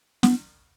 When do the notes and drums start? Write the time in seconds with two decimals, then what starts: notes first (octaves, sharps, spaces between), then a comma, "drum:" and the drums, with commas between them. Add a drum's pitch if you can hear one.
0.23 B3, drum: snare